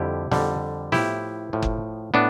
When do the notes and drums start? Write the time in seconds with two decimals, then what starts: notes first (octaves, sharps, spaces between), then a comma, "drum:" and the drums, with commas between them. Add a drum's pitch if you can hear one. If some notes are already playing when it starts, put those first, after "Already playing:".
Already playing: F2 D3 G3 E4 G4
0.31 F2 D3 G3, drum: snare
0.92 A2 F3 E4 G4, drum: snare
1.53 A2 F3
1.62 drum: kick F#1
2.14 A2 B3 D4